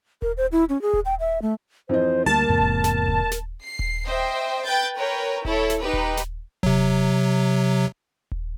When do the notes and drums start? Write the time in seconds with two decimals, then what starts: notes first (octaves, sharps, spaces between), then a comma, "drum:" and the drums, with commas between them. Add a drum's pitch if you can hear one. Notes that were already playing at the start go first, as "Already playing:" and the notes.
0.22 A#4, drum: kick D#1
0.37 C5
0.52 E4
0.69 C#4
0.82 G#4
0.93 drum: kick D#1
1.05 G5
1.20 E5
1.42 A3
1.89 F2 E3 C5 D#5
2.26 D2 G3 A#3 A#4 A5
2.49 E2 G#2 C3
2.60 drum: kick D#1
2.84 drum: snare
3.08 drum: kick D#1
3.32 drum: snare
3.62 C7
3.79 drum: kick D#1
4.07 C5 D#5 E5 G5
4.65 B4 G5 G6 A6
4.97 A#4 B4 C#5 G5
5.45 E4 A4 C#5, drum: kick D#1
5.70 drum: snare
5.80 D#4 G4 B4
5.93 drum: kick D#1
6.17 drum: snare
6.63 C3 F#3, drum: kick D#1
8.32 drum: kick D#1